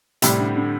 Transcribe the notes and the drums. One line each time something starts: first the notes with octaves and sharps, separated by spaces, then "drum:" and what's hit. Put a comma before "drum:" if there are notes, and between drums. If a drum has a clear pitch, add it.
A2 C3 G3 C4 E4, drum: hi-hat
D3
D3